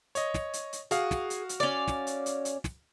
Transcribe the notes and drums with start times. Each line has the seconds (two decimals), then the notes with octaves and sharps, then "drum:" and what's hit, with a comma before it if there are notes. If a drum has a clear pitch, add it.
0.15 C#5 D#5, drum: hi-hat
0.34 drum: snare
0.53 drum: hi-hat
0.73 drum: hi-hat
0.91 F#4 G#4 F5, drum: hi-hat
1.11 drum: snare
1.30 drum: hi-hat
1.49 drum: hi-hat
1.60 C#4 D5
1.88 drum: snare
2.07 drum: hi-hat
2.26 drum: hi-hat
2.45 drum: hi-hat
2.64 drum: snare